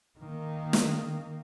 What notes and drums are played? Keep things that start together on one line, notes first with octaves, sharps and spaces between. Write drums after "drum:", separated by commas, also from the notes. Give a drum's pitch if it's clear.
D#3 A#3
drum: snare